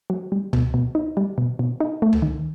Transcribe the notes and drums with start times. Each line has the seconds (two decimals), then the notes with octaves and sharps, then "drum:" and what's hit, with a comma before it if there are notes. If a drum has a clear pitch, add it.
0.10 F#3
0.32 G3
0.53 B2, drum: tom C#2
0.74 B2
0.95 D#4
1.17 G3
1.38 B2
1.59 B2
1.81 D#4
2.02 A3
2.13 drum: tom C#2
2.22 D#3